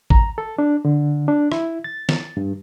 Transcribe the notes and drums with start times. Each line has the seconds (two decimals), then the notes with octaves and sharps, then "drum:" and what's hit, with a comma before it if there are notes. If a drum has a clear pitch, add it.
0.10 A#5, drum: kick A1
0.38 A4
0.58 D4
0.85 D3
1.28 D4
1.52 E4, drum: rim click
1.84 A6
2.09 drum: snare
2.37 G2